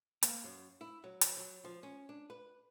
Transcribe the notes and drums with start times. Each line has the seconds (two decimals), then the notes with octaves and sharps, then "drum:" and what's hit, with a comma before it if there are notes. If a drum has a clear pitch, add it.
0.23 A#3, drum: hi-hat
0.44 F#2
0.81 E4
1.04 F#3
1.21 drum: hi-hat
1.37 F#3
1.65 F3
1.83 C#4
2.09 D4
2.30 B4